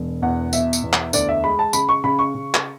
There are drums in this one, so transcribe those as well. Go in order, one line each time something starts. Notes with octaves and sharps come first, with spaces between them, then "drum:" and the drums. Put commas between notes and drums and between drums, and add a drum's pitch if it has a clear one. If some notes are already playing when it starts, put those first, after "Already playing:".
Already playing: E1 B2
E2 F#5
B2 E5, drum: tambourine
drum: tambourine
E2
drum: clap
D2 D5, drum: tambourine
E5
G#3 B5
A5
C#3 B5, drum: tambourine
C#6
C#3 B5
C#6
C#3
drum: clap